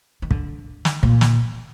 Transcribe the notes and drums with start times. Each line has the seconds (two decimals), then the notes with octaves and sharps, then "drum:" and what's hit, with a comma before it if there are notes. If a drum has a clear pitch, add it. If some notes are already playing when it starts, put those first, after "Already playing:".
0.22 D#3
0.31 D3, drum: kick
0.85 drum: snare
1.03 A#2, drum: kick
1.21 drum: snare